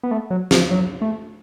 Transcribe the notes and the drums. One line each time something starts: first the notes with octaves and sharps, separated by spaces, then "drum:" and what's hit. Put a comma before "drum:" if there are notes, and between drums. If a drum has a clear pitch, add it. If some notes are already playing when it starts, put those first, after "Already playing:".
B3
A3
F#3
F3, drum: snare
F#3
A3